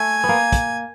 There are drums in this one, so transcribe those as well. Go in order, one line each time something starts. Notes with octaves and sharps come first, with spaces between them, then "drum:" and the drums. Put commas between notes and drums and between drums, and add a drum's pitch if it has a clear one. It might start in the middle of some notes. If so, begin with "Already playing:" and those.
Already playing: A3 G#5
B3
A#3
drum: kick, hi-hat